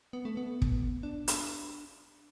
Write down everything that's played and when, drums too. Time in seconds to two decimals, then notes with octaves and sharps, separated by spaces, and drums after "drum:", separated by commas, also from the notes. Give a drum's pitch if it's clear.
0.13 B3
0.25 A3
0.37 B3
0.62 drum: kick
1.03 D4
1.28 drum: hi-hat